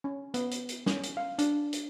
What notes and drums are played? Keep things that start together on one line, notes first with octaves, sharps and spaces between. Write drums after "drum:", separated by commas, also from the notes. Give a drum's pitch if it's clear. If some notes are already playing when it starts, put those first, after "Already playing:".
C#4
B3, drum: hi-hat
drum: hi-hat
drum: hi-hat
C#4, drum: snare
drum: hi-hat
F5
D4, drum: hi-hat
drum: hi-hat